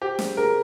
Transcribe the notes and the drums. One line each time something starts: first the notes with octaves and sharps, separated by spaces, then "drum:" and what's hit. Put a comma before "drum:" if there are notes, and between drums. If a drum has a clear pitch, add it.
G4 C5
G#4, drum: snare
G#4 A#4